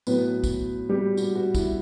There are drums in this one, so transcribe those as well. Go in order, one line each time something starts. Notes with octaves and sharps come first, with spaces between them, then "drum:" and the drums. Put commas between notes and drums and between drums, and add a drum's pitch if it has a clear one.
A2 F#3 B3 B4, drum: tambourine
drum: kick, tambourine
G3 G4
F#4, drum: tambourine
F#4
E4, drum: kick, tambourine